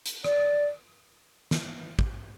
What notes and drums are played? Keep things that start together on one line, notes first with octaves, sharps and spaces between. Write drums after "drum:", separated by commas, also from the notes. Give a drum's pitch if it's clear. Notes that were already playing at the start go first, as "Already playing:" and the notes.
drum: hi-hat
D5, drum: rim click
drum: snare
drum: kick